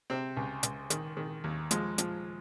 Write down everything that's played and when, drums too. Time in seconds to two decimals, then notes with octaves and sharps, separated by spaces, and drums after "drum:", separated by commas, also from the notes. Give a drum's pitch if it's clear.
0.10 C3 C4
0.37 C#2
0.63 C#2, drum: hi-hat
0.90 D#3, drum: hi-hat
1.17 D#3
1.44 D#2
1.71 F3 G#3, drum: hi-hat
1.98 F3, drum: hi-hat